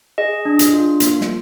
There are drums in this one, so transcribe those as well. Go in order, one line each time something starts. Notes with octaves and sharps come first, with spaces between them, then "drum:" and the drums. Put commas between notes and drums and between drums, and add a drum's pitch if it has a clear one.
G#4 D#5
D4
drum: hi-hat
F4
A#3, drum: hi-hat
drum: snare